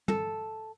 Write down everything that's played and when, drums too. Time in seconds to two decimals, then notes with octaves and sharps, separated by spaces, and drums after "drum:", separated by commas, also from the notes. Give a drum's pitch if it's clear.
0.08 A4, drum: tom